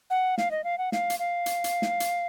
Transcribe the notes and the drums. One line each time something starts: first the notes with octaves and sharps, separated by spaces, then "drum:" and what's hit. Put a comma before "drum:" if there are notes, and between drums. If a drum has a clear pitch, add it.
F#5
F5, drum: snare
D#5
F5
F#5
F5, drum: snare
drum: hi-hat
F5
drum: hi-hat
drum: hi-hat
drum: snare
drum: hi-hat